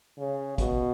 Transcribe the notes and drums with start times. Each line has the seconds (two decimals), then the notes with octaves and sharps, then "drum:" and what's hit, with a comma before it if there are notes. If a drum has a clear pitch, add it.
0.18 C#3
0.58 B2, drum: kick, hi-hat